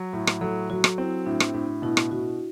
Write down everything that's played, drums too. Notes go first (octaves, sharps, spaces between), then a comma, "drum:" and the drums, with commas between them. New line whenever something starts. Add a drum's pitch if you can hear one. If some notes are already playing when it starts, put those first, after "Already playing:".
Already playing: F#3
A2
drum: rim click
F#3 A4
F#3 F#4
drum: rim click
C4 E4
A2 D4
drum: rim click
A2 D4
B2 E4
drum: rim click
B2 F#4